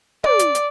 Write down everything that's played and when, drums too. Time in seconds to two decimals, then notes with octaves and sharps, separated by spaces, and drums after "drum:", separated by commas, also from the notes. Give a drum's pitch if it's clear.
0.24 D5, drum: tom
0.39 drum: hi-hat
0.55 drum: hi-hat